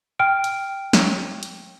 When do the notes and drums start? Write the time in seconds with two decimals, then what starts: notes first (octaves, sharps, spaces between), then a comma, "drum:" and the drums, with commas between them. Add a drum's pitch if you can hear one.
0.19 G5 F6 D7
0.44 drum: hi-hat
0.93 drum: snare
1.43 drum: hi-hat